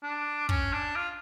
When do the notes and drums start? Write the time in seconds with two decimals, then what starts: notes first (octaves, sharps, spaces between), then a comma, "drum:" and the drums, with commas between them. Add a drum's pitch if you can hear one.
0.03 D4
0.49 C#4, drum: kick
0.73 D4
0.96 F4